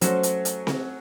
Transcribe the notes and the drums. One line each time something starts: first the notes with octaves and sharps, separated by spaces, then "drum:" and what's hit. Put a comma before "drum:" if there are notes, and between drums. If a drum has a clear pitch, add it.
F#3 A3 C#4 F#4 A4 C5, drum: hi-hat
drum: hi-hat
drum: hi-hat
drum: snare C4